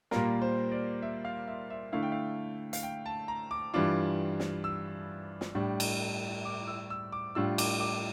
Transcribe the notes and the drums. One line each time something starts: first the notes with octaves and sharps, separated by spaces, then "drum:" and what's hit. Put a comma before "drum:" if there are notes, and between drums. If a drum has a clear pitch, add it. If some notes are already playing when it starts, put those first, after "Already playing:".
A#2 G3 A#3 F4 A#4, drum: snare
C5
D5
E5
F5
E5
E5
D3 A3 E4 F5
G5
F5
F5, drum: hi-hat
G5
A5
A#5
D6
G2 E3 G3 D4 F4 D6
drum: snare
E6
drum: snare
A2 G3 D4
drum: cymbal
D6
E6
E6
D6
A2 G3 D4 F4 E6
D6, drum: cymbal
D6